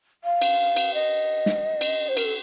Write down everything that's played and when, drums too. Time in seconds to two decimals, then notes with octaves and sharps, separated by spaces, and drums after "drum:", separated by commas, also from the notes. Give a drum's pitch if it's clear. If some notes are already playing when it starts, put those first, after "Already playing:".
0.24 F5
0.42 drum: cymbal
0.76 drum: cymbal
0.94 D#5
1.46 drum: snare
1.81 drum: cymbal
2.09 C5
2.17 A#4, drum: cymbal
2.25 A4